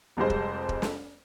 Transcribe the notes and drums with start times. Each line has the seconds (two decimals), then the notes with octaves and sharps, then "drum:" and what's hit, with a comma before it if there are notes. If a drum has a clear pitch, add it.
0.17 F1 F2 G3 G#3 C5
0.30 drum: kick
0.69 drum: kick
0.82 drum: snare